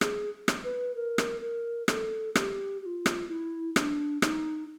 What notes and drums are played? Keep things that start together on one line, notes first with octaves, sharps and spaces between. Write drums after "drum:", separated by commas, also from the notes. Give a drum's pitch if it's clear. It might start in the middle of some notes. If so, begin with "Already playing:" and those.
G#4, drum: rim click
drum: rim click
B4
A#4
drum: rim click
A#4
A4, drum: rim click
G4, drum: rim click
G4
F4
drum: rim click
E4
D4, drum: rim click
D#4, drum: rim click